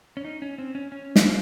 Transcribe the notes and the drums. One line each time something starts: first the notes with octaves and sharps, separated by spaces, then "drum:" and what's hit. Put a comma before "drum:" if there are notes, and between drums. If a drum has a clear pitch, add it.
C#4
D#4
C#4
C4
C#4
C#4
drum: snare
F4